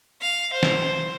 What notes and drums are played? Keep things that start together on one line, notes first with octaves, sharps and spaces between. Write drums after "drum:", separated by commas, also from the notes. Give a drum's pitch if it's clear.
F5
C5
drum: snare